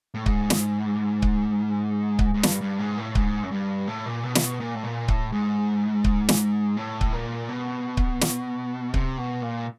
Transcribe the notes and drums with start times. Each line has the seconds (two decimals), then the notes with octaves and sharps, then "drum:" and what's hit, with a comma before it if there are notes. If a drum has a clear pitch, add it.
0.14 A2
0.26 G#2, drum: kick C#1
0.50 drum: snare
1.22 drum: kick C#1
2.19 drum: kick C#1
2.34 G#2
2.43 G2, drum: snare
2.61 G2
2.79 G#2
2.98 A2
3.15 G#2, drum: kick C#1
3.43 F#2
3.51 G2
3.87 A2
4.06 A#2
4.24 B2
4.35 C3, drum: snare
4.42 B2
4.60 A#2
4.75 A2
4.83 A#2
5.08 A2, drum: kick C#1
5.32 G#2
6.04 drum: kick C#1
6.29 drum: snare
6.77 A2
7.01 drum: kick C#1
7.13 A#2
7.49 B2
7.97 drum: kick C#1
8.21 drum: snare
8.94 C3, drum: kick C#1
9.18 B2
9.42 A#2